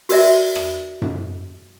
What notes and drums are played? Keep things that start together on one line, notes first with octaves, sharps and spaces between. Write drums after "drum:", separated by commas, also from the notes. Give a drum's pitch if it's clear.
F#4 A#4 D5 E5, drum: open hi-hat
drum: rim click
drum: tom F#2